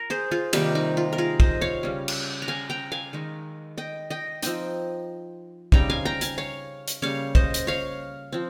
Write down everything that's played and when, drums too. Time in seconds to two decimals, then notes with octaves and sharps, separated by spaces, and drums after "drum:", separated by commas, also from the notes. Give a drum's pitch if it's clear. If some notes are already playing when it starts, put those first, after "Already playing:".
Already playing: A#4
0.10 G#4 C5
0.31 F4 G#4
0.53 C3 D#3 G3 A#3 D#4 G4, drum: cymbal
0.75 D#4
0.97 F4
1.13 A#4
1.18 F4 G#4
1.40 C5 D#5, drum: kick
1.61 C#5 F5
1.83 C#3 G3 C#4
2.08 drum: cymbal
2.42 A#5
2.48 F5 G#5
2.70 G5 A#5
2.92 F5 G#5
3.13 D#3 G#3 D#4
3.78 D#5 G5
4.10 D#5 G5
4.42 F3 C4 D#4 D#5 G5, drum: hi-hat
5.72 C#3 G3 C4 D#4 G5 A#5, drum: kick
5.90 F5 G#5
6.05 G5 A#5
6.21 F5 G#5, drum: hi-hat
6.38 C#5 F5
6.88 drum: hi-hat
7.02 C#3 G3 A#3 C#5 F5
7.35 C5 D#5, drum: kick
7.54 drum: hi-hat
7.67 C#5 F5
8.32 F3 C4